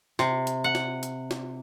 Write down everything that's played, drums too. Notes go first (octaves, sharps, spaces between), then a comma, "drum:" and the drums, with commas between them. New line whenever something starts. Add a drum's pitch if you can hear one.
C3, drum: snare
drum: hi-hat
F#5
drum: snare
drum: hi-hat
drum: snare